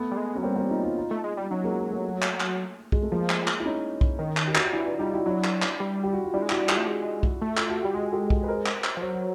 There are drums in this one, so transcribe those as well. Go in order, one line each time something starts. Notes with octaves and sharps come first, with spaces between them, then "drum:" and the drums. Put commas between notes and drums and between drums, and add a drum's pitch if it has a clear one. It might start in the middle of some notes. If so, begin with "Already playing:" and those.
Already playing: A3 B3
G3
G#3
F#3 C#4
G3 A#3 C4
A#3 C4
D#4 F4
D#4 F4
D#4 F4
A3
G#3
G3
F#3 C#4 D#4
G#3 A#3
A#3
A3
drum: clap
drum: clap
G#3, drum: kick B1
A3
F3 G#3 A#3
drum: clap
drum: clap
E4
C#4 D#4
drum: kick B1
D#3
drum: clap
G4
F#4, drum: clap
F4
E3 D4 E4
D4 E4
G3 D#4 F4
E4 F#4
F#3 D4 E4
drum: clap
drum: clap
G3
G4
F#4
F4
G3 D4 E4
G#3
G3 E4 F#4, drum: clap
F4 G4, drum: clap
A3
G#3
drum: kick B1
A3
F4, drum: clap
F#4
G3 G4
G#3 F#4 G#4
G4 A4
drum: kick B1
B4
A#4 C5
drum: clap
drum: clap
F3
F#3 C5
C#5